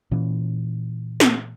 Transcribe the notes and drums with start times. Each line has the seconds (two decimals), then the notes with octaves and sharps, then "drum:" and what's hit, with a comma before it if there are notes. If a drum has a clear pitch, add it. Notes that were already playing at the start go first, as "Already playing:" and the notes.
0.11 A#2 E3 C#4
1.20 drum: snare